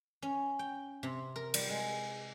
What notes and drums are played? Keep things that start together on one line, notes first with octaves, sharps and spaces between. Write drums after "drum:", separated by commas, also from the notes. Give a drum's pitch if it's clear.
C#4
G5
C3
A#4
G3, drum: cymbal
G#3